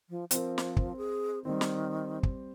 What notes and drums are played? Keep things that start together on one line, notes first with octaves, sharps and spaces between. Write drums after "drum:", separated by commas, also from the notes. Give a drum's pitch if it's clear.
F3
F3 C4 A#4, drum: hi-hat
drum: snare
drum: kick
G#4
D#3 G3 C4
drum: snare
drum: kick